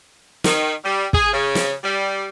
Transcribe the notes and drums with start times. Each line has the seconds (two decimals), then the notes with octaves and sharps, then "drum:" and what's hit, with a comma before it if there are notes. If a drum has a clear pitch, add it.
0.44 D#3, drum: snare
0.84 G3
1.13 G#4, drum: kick
1.33 C#3
1.55 drum: snare
1.83 G3